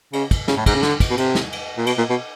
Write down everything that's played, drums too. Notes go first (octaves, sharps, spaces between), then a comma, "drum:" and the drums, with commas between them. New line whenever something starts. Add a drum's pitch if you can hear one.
C#3, drum: cymbal
drum: kick, cymbal
C#3, drum: snare
A2
G#2, drum: kick, cymbal
C#3
D3, drum: snare
drum: kick, cymbal
B2
C3, drum: cymbal
drum: snare
drum: cymbal
A#2
B2, drum: cymbal
A#2
B2